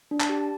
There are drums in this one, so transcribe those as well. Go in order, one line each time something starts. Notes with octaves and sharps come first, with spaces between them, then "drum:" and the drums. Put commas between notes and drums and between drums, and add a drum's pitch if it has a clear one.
D4
A5, drum: clap
G4